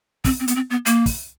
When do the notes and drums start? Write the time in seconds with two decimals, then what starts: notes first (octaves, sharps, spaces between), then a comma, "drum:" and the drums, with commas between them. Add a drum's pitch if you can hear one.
0.25 C4, drum: kick, open hi-hat
0.40 C4
0.48 B3, drum: hi-hat
0.56 C4
0.70 B3
0.86 A#3, drum: hi-hat
1.06 drum: kick, open hi-hat